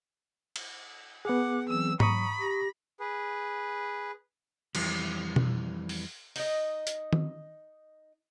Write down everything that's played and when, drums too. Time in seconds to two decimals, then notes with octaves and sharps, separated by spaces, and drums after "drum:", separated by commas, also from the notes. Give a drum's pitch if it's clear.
0.56 drum: cymbal
1.25 B3 G#4 F#5 D6
1.69 E3 F#3 C4 E6
2.00 F#3 A#5 B5 C#6 D#6, drum: tom G#2
2.40 G4 A#6
3.00 G#4 B4
4.75 F2 E3 G3, drum: cymbal
5.36 drum: tom B2
5.89 drum: open hi-hat
6.36 D#4 D#5, drum: open hi-hat
6.87 drum: hi-hat
7.13 drum: tom D#3